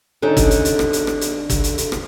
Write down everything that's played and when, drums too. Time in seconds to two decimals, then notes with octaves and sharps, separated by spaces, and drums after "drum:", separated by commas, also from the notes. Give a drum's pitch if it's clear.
0.22 D3 C#4 D#4
0.37 drum: kick, hi-hat
0.51 drum: hi-hat
0.65 drum: hi-hat
0.79 drum: rim click
0.93 drum: hi-hat
1.07 drum: rim click
1.21 drum: hi-hat
1.50 drum: kick, hi-hat
1.64 drum: hi-hat
1.78 drum: hi-hat
1.92 drum: rim click